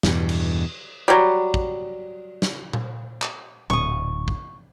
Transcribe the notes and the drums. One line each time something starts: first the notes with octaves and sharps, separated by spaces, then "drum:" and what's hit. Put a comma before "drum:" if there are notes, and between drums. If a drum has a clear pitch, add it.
E2 G2 B2, drum: snare
drum: cymbal
F#3 G3
drum: kick
drum: snare
drum: tom A#2
drum: clap
D1 C#6 D#6, drum: tom A#2
drum: kick